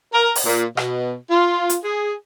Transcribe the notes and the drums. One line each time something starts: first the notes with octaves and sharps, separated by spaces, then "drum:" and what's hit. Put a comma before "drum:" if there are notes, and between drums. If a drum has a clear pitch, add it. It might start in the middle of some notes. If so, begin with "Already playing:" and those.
A#4
drum: open hi-hat
A#2
B2, drum: rim click
F4
drum: hi-hat
G#4